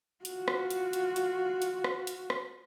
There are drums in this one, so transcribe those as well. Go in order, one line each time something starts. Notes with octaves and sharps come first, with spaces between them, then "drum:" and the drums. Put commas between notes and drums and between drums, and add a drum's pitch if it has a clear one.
F4 F#4, drum: hi-hat
drum: rim click
drum: hi-hat
drum: hi-hat
drum: hi-hat
drum: hi-hat
drum: rim click
drum: hi-hat
drum: rim click